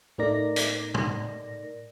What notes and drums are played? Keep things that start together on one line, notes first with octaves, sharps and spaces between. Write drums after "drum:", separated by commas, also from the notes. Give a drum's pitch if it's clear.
A2 A3 D#4 A#4 D5 A#6
drum: hi-hat
drum: tom